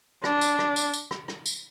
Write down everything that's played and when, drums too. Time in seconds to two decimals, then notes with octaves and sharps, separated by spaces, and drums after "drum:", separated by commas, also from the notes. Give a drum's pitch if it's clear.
0.24 D4, drum: rim click
0.41 drum: tambourine
0.59 drum: rim click
0.76 drum: tambourine
0.93 drum: tambourine
1.11 drum: rim click
1.28 drum: rim click
1.46 drum: tambourine